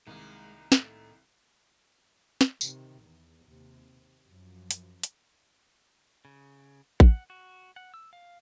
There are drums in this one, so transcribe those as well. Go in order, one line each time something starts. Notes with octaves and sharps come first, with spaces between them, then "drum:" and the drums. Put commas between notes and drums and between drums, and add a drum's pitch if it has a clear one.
C2 D#3 G#3 A#3
A2 A3, drum: snare
drum: snare
C3 D#3, drum: tambourine
E2
D#2 C3
F#2 F3
drum: hi-hat
drum: hi-hat
C#3
F#5, drum: kick A1
F#4
F#5
E6
F5